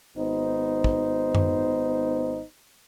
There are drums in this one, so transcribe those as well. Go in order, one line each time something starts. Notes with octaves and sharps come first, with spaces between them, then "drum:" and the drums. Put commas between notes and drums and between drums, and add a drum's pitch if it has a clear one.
G#1 B3 D#4 C5
drum: kick
drum: tom F#2